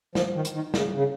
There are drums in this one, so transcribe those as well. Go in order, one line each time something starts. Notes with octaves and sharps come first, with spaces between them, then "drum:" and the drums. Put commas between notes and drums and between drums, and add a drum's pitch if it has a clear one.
F3, drum: snare
D#3
drum: hi-hat
D#3
C#3, drum: snare
C#3